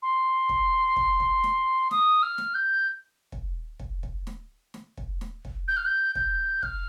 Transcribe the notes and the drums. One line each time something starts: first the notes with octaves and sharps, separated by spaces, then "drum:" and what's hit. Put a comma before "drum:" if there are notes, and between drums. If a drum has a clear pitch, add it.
C6
drum: kick
drum: kick
drum: kick
drum: snare
D#6, drum: snare
F6
drum: snare
G6
drum: kick
drum: kick
drum: kick
drum: snare
drum: snare
drum: kick
drum: snare
drum: kick
G6
F6
G6
G6, drum: kick
F6, drum: kick